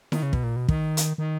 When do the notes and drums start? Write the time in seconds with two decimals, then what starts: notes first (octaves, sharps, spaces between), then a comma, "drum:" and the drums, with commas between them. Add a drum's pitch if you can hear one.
0.12 D#3, drum: snare E4
0.23 C#3
0.33 B2, drum: kick
0.44 A#2
0.56 B2
0.68 D#3, drum: kick
0.97 drum: hi-hat
1.18 D#3